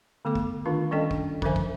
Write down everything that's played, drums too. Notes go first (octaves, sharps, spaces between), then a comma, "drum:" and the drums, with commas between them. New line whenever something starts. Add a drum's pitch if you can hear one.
D3 A3 B3 A4 D6
drum: kick
D#3 D4 F4 B4 F5
G3 C#4 D4 A4 D#5 G5
drum: kick
D3 F3 A#4 C5 E5 G#5, drum: kick
drum: kick